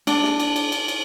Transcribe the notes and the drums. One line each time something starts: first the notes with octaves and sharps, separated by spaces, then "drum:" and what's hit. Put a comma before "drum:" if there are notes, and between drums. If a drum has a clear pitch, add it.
D4, drum: cymbal
drum: snare
drum: cymbal
drum: cymbal
drum: cymbal
drum: cymbal